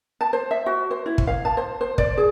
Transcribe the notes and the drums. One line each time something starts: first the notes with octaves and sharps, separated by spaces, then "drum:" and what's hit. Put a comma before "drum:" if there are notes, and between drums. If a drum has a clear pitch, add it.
A5
C5
E5
F#4
C5
E4
drum: kick
F5
A5
C5
C5
D5, drum: kick
G#4